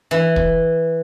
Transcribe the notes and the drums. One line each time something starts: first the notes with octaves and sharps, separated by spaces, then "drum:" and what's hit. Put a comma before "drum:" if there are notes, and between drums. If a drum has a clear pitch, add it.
E3
drum: kick